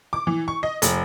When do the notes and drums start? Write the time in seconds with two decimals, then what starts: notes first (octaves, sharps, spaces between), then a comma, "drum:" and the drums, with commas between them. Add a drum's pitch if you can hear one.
0.13 D6
0.27 E3
0.48 C#6
0.63 D#5
0.82 F1, drum: hi-hat